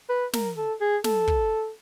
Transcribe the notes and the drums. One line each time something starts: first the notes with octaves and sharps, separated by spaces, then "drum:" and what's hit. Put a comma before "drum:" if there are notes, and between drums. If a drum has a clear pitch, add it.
B4
A#4, drum: snare
A4
G#4
A4, drum: snare
drum: kick